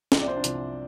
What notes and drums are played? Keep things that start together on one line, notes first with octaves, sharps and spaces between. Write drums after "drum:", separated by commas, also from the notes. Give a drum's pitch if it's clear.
C2 C3 F3, drum: snare
D5
C5
D4
C2 C3 F3, drum: hi-hat